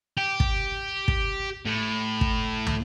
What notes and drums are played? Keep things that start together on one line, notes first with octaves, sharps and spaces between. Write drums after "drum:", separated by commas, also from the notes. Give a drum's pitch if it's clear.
G4
drum: kick
drum: kick
A2
drum: kick
drum: tom